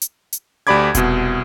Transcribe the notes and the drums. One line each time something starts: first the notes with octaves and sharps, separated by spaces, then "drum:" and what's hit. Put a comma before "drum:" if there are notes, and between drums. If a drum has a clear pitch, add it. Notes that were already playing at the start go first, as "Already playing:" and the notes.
drum: hi-hat
drum: hi-hat
D2 G4 D5 B5 D6 G#6
C2 B2, drum: kick E1, hi-hat